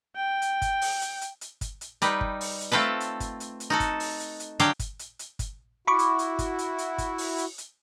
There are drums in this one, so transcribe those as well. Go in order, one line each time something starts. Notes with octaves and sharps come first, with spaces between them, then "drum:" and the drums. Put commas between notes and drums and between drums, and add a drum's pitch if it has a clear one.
G5
drum: hi-hat
drum: kick G1, hi-hat
drum: open hi-hat
drum: hi-hat
drum: hi-hat
drum: hi-hat
drum: kick G1, hi-hat
drum: hi-hat
G3 D#4 B4, drum: hi-hat
drum: kick G1
drum: open hi-hat
drum: hi-hat
A3 C4 F4 A4 B4
drum: hi-hat
drum: kick G1, hi-hat
drum: hi-hat
drum: hi-hat
D#4 F#4 A4
drum: kick G1, hi-hat
drum: open hi-hat
drum: hi-hat
drum: hi-hat
D3 F#3 G4 F5 G5, drum: hi-hat
drum: kick G1, hi-hat
drum: hi-hat
drum: hi-hat
drum: kick G1, hi-hat
E4 F#4 B5 C#6 D6
drum: hi-hat
drum: hi-hat
drum: kick G1, hi-hat
drum: hi-hat
drum: hi-hat
drum: kick G1, hi-hat
drum: open hi-hat
drum: hi-hat
drum: hi-hat